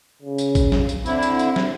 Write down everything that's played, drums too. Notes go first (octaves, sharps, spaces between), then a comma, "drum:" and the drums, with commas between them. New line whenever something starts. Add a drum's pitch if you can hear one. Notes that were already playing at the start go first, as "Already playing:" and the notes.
C#3
drum: tambourine
drum: kick, tambourine
drum: snare
drum: tambourine
D3 C4 E4, drum: tambourine
drum: tambourine
drum: tambourine
drum: snare